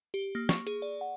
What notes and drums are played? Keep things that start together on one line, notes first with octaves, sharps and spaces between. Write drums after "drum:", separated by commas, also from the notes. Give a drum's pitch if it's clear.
G4
A#3
C#6, drum: snare
G#4, drum: hi-hat
D5
F#5